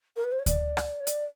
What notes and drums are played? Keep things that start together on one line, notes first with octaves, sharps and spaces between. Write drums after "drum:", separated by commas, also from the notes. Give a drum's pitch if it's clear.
A#4
B4
C5
C#5
D5, drum: kick D2, hi-hat
drum: rim click
C#5
D5, drum: hi-hat